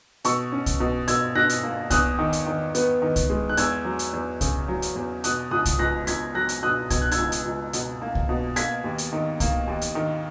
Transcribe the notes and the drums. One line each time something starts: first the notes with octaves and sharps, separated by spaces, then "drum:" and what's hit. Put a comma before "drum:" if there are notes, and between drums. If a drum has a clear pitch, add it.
B2 C#6 E6, drum: hi-hat
C#4
drum: kick C2, hi-hat
B2
B2 E6 G#6, drum: hi-hat
B2 F#6 A#6
drum: hi-hat
A#3
E2 D#6 F#6, drum: kick C2, hi-hat
D#3
drum: hi-hat
D#3
B3, drum: hi-hat
D#3
drum: kick C2, hi-hat
G#3
F#6
E2 E6 G#6, drum: hi-hat
F#3
drum: hi-hat
E2
C#3, drum: kick C2, hi-hat
F#3
drum: hi-hat
E2
B2 D#6 F#6, drum: hi-hat
C#2 D#6 F#6
drum: kick C2, hi-hat
C#2 F#6 A#6
C#2 G#6 B6, drum: hi-hat
F#3 F#6 A#6
drum: hi-hat
B2 D#6 F#6
B2 G#6, drum: kick C2, hi-hat
F#6
E6 G#6, drum: hi-hat
C#2
drum: hi-hat
C#2
B2, drum: hi-hat
A#3
drum: kick C2
B2
A#3 G#6 B6, drum: hi-hat
D#2
drum: hi-hat
D#3
A#3, drum: kick C2, hi-hat
D#2
drum: hi-hat
D#3